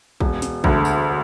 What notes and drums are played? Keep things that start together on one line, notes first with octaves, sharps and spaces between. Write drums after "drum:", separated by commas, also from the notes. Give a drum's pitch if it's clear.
E1, drum: kick A#1
drum: snare
D2 D3, drum: kick A#1
drum: tambourine